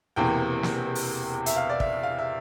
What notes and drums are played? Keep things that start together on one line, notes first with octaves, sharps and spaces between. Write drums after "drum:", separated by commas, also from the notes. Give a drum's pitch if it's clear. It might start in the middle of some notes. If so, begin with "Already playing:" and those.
E1 E2 C3 E3 A#3 G5
drum: snare
drum: open hi-hat
E5, drum: hi-hat
F5
D5
E5, drum: kick
F5
E5